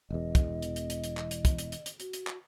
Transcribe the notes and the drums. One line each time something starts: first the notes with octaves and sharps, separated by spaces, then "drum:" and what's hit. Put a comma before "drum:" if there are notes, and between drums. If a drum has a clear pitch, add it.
E1 E2 D#5
drum: kick, hi-hat
drum: hi-hat
drum: hi-hat
drum: hi-hat
drum: hi-hat
drum: clap
drum: hi-hat
drum: kick, hi-hat
drum: hi-hat
drum: hi-hat
drum: hi-hat
F#4, drum: hi-hat
drum: hi-hat
drum: clap